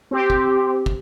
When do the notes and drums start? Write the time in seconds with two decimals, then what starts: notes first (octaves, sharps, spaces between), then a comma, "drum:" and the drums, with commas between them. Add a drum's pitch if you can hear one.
0.11 C4 G4
0.30 drum: kick
0.86 drum: kick